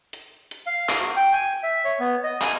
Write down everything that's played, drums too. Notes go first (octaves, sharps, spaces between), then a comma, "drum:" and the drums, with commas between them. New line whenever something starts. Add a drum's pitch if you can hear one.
drum: hi-hat
drum: hi-hat
F5
drum: clap
F#4
G5
G#5
E5
C#5
B3
D#5
G#5, drum: clap